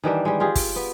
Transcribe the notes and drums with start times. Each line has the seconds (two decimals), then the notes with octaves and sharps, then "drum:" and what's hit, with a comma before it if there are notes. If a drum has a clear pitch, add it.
0.04 D#3 E3 G3 D4
0.25 G3 G#3
0.40 F4 G4 G#4
0.56 drum: kick, open hi-hat
0.76 B3